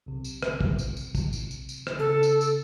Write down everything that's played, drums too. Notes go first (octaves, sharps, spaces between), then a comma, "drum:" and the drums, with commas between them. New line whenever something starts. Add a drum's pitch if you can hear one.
B1 C3
drum: tambourine
drum: rim click
drum: kick
drum: tambourine
drum: tambourine
drum: kick, tambourine
drum: tambourine
drum: tambourine
drum: tambourine
drum: rim click
C#3 A4
drum: tambourine
drum: tambourine